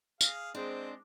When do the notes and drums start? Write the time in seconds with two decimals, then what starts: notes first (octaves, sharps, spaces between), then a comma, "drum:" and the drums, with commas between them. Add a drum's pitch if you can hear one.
0.21 G#4 F5, drum: tambourine
0.55 G#3 C4 D4 C5